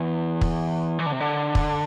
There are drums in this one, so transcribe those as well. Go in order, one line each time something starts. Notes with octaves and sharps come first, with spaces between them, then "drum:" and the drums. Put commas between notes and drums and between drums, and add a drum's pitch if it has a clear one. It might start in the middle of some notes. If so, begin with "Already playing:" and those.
Already playing: E2
drum: kick
E3
D3
C3
D3
drum: kick